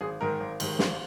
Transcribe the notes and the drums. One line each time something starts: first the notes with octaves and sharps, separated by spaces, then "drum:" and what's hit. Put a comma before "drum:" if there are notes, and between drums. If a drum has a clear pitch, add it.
G#1 G#4
G#2 D#3 A#4
G#1
G#2 D#3, drum: cymbal
G#1, drum: snare